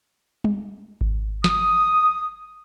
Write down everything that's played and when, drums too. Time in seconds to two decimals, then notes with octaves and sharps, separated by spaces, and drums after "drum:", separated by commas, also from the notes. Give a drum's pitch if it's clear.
0.44 drum: tom G3
1.01 drum: kick G#1
1.44 D#6, drum: snare